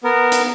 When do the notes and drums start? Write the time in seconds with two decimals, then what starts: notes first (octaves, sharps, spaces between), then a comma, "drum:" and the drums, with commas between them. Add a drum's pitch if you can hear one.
0.03 B3 A#4
0.32 drum: hi-hat